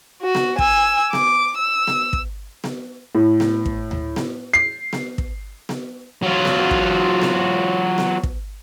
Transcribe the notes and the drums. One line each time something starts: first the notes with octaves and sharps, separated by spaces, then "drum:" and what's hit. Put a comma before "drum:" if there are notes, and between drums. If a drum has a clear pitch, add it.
F#4
drum: snare B3
G#5 E6, drum: kick
D6, drum: snare B3
E6
drum: snare B3
drum: kick
drum: snare B3
A2
drum: snare B3
drum: kick
drum: tom D2
drum: snare B3
C7
drum: snare B3
drum: kick
drum: snare B3
F#3 F4
drum: snare B3
drum: kick
drum: snare B3
drum: snare B3
drum: kick